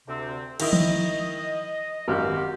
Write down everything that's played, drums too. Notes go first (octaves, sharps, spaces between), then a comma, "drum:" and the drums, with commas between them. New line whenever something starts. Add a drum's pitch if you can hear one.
D2 C3 C4
D#3 E4 D#5, drum: cymbal
drum: tom E3
G#1 F#2 F#4 G4 F5